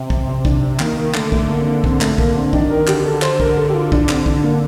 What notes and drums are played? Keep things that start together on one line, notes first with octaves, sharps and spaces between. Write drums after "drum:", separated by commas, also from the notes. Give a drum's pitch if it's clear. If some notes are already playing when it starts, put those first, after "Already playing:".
Already playing: C3
C4, drum: kick
C4
D4, drum: kick
D#3 A#3, drum: clap
A#3
D3 A3, drum: clap
A3, drum: kick
A#3
C4
A#3
C4, drum: kick
A3, drum: clap
D3 A#3, drum: kick
C4
D#3 D4, drum: kick
A#4
D3 G4, drum: clap
A4
C5, drum: clap
A#4, drum: kick
A4
G4
F4
D4, drum: kick
C4, drum: clap
D4, drum: kick
A#3